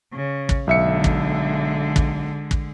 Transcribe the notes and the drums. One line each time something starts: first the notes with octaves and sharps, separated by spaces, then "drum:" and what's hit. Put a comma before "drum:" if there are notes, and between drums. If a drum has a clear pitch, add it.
C#3
drum: kick
B1 D3 G#3 E5 C#7
drum: kick
drum: kick
drum: kick